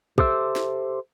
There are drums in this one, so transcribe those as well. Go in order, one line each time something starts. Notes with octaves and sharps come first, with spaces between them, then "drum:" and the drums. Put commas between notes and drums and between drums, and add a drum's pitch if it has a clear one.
G4 A4 C5 E5, drum: kick
drum: snare